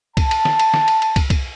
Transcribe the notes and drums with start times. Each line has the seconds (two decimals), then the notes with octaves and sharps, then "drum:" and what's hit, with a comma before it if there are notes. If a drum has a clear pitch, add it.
0.17 A5, drum: kick, cymbal
0.31 drum: cymbal
0.45 drum: snare
0.59 drum: cymbal
0.74 drum: snare
0.88 drum: cymbal
1.02 drum: cymbal
1.16 drum: kick, cymbal
1.30 drum: kick, cymbal